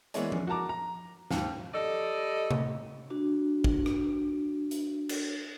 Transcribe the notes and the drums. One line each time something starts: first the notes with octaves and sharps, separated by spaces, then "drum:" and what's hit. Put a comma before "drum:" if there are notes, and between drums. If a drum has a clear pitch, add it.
E3 G#3 A#3 B3 C#5 D5, drum: hi-hat
drum: tom F3
F#4 A#4 A5 A#5 D6
A#5
D#2 G#2, drum: snare
G3 A4 D5 D#5
drum: tom C3
D4 F#4
drum: kick
drum: rim click
drum: hi-hat
drum: cymbal